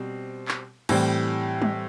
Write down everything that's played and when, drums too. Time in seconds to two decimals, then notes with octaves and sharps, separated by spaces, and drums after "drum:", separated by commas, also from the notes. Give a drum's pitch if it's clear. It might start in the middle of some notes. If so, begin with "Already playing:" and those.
Already playing: B2 G3 C4
0.48 drum: clap
0.89 A2 E3 G3 C4, drum: cymbal
1.62 drum: tom G3